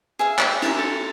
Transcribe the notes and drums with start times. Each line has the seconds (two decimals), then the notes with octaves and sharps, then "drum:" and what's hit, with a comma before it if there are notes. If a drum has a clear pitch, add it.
0.19 G#4 E5 F5
0.39 G5, drum: clap
0.62 E5 A#5, drum: cymbal
0.79 A4